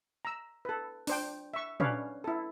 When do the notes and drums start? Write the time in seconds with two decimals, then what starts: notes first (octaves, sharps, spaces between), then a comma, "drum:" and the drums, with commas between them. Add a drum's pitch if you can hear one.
0.25 A#5 E6
0.65 A4 B4
1.07 D4 C5 G5, drum: open hi-hat
1.54 E5 C#6
1.80 C#4 D4 B4 C#5 D5 F5, drum: tom A#2
2.24 E4 A4